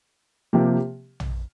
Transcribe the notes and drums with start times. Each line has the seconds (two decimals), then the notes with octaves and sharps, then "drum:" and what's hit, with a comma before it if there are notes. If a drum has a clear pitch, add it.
0.53 C3 F3 A#3 G4
1.20 drum: tom